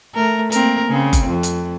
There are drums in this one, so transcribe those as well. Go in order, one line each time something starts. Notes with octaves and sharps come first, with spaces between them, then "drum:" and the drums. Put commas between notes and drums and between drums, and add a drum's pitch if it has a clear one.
A3 A#4
A#3 C4 A#4, drum: hi-hat
C#3 C4
drum: kick F#1, hi-hat
F2
drum: hi-hat